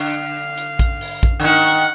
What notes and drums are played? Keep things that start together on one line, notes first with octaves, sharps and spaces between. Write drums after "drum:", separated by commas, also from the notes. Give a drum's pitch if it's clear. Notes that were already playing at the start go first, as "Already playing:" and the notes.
Already playing: D3 F5
drum: hi-hat
drum: kick A#1, hi-hat
drum: open hi-hat
drum: kick A#1, hi-hat
D3
D#3 F#5
drum: hi-hat